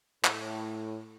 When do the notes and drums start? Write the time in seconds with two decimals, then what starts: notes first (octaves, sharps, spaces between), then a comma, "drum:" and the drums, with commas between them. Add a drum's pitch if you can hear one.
0.25 A2, drum: clap